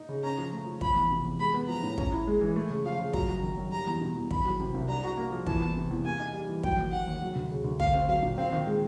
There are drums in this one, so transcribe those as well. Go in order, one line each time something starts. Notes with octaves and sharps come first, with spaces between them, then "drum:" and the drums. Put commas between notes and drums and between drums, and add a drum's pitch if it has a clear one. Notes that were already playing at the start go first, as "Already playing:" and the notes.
Already playing: D#4
C#3
C#4 A#5
F3
A3
F3
F3 B5, drum: kick
E2
C3
E2
G#3 B5
B3
F3 A#5
A2
C#4, drum: kick
E4
G#3
E3
A3
C#3
F3 F5
C#3
F#3 A#5, drum: kick
F#2
D#3
F#2
G3 A#5
E2
B2
E2
D#3 B5, drum: kick
F#3
C3
C2
D4 A#5
F#4
A#3
F3
E3 A5, drum: kick
E2
C3
E2
A#3 G#5
D#4
G3
E3
F#3 G5, drum: kick
D#2
D#3 F#5
D#2
F#3
D2
C#3
D2
A3 F5, drum: kick
C4
F#3 F5
A#2
C4 F5
D#3
G#3